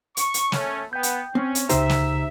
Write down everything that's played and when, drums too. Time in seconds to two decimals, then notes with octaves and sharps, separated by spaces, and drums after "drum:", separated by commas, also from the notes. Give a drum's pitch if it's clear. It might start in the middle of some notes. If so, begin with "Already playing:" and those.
0.17 C#6, drum: hi-hat
0.34 drum: hi-hat
0.52 A3 C#4, drum: snare
0.93 B3 G5 G6
1.03 drum: hi-hat
1.35 C4 C#4
1.55 drum: hi-hat
1.69 C#2 C#3 D#4 G4 C5 E5 A#5, drum: hi-hat
1.89 drum: snare